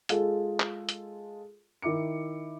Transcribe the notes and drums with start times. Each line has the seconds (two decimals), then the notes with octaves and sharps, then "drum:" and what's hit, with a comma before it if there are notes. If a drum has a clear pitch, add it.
0.09 G#3 F4 G#4 A4, drum: hi-hat
0.60 drum: clap
0.89 drum: hi-hat
1.82 D#3 E4 E5 D6 C#7